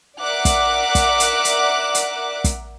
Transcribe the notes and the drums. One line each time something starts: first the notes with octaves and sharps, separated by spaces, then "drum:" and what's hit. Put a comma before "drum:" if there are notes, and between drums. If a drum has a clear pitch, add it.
A#4 D5 E5 F#5 D6 F#6
drum: kick, hi-hat
drum: kick, hi-hat
drum: hi-hat
drum: hi-hat
drum: hi-hat
drum: kick, hi-hat